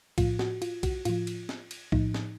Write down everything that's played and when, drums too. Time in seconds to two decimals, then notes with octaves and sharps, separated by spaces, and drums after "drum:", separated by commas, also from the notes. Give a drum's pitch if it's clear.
0.18 A2 F3 F4, drum: kick, cymbal
0.39 F#4, drum: snare
0.62 F4, drum: cymbal
0.83 F#4, drum: kick, cymbal
1.05 A2 F3 F4, drum: cymbal
1.27 drum: cymbal
1.49 drum: snare
1.71 drum: cymbal
1.92 A2 F3 D#4, drum: kick
2.14 drum: snare